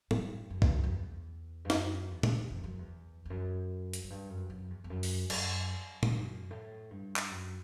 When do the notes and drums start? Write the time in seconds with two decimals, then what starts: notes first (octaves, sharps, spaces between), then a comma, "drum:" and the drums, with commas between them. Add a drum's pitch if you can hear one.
0.11 G2, drum: tom
0.50 F#2
0.62 G2, drum: kick
0.73 F#2
0.83 F#2
0.91 E2
1.65 G2
1.70 F#2, drum: snare
2.11 E2
2.23 drum: tom A#2
2.51 E2
2.64 F#2
2.79 E2
3.25 E2
3.30 F#2
3.93 drum: hi-hat
4.04 F#2
4.10 G2
4.29 F#2
4.50 F#2
4.70 E2
4.84 E2
4.90 F#2
5.03 drum: open hi-hat
5.30 F#2, drum: cymbal
6.03 G2, drum: tom A#2
6.10 F#2
6.50 A2
6.90 G2
7.16 drum: clap
7.30 F#2